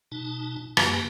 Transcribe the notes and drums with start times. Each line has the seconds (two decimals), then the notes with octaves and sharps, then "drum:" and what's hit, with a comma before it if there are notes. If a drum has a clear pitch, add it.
0.12 B2 D#4 A5
0.77 F#2 C#3 A#3 G4 B4 G5, drum: rim click